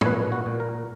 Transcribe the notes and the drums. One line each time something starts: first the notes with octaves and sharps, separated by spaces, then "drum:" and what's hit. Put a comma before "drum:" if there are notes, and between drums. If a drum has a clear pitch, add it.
C#5, drum: tom
A#2 B4
F#4
A#2
A#4